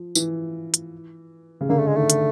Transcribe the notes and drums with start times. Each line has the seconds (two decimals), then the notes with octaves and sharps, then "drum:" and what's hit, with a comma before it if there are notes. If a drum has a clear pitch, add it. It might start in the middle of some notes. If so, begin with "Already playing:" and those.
Already playing: F3
0.15 E3, drum: tambourine
0.74 drum: hi-hat
1.61 C#3
1.69 D3 A#3
1.79 A3
1.87 G#3
1.95 D#3 A3
2.10 drum: hi-hat